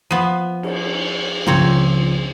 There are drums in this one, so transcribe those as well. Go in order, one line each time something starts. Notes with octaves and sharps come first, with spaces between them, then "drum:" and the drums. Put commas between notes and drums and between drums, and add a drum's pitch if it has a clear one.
F3 B3 D#7
drum: cymbal
C#2 C#3 F3 A#3 C4 C#5